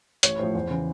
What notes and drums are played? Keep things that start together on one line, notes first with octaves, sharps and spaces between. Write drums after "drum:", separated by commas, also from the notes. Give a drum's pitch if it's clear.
A1 C#5, drum: hi-hat
A2 F3 C5
E2 C5
C#3 E3